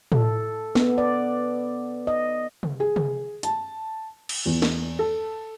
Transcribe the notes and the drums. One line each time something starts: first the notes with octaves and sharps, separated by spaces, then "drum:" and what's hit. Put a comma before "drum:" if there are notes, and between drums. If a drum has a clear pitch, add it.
A4, drum: tom A2
B3, drum: snare
D5
D#5
drum: tom C3
G#4
drum: tom C3
A5, drum: hi-hat
drum: cymbal
E2
drum: snare
A4